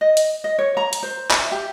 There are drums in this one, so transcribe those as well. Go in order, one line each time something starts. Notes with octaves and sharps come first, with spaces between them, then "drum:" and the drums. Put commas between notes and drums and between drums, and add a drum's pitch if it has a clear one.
D#5
drum: hi-hat
D#5
C#5
A#5
drum: hi-hat
C5
E5, drum: clap
G4